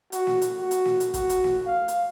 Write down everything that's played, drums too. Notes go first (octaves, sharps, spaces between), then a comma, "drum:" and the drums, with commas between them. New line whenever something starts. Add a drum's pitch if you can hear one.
F#4, drum: hi-hat
drum: snare
drum: hi-hat
F#4
drum: hi-hat
drum: snare
drum: hi-hat
F#4, drum: kick, hi-hat
drum: hi-hat
drum: snare
F5
drum: hi-hat